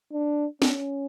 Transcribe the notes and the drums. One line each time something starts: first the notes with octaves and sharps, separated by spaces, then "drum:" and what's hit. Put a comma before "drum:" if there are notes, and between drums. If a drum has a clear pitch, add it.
D4
C#4, drum: snare